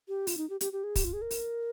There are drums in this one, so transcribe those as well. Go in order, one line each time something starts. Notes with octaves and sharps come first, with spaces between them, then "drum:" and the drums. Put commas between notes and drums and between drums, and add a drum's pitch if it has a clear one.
G4
F4, drum: open hi-hat
D#4
G4
G4, drum: hi-hat
G4
G#4
G4, drum: kick, open hi-hat
F4
G#4
A#4
drum: open hi-hat